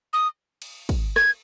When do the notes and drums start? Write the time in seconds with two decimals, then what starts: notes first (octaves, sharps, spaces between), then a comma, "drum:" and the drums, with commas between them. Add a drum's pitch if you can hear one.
0.13 D#6
0.62 drum: cymbal
0.89 drum: kick, cymbal
1.16 G#6, drum: rim click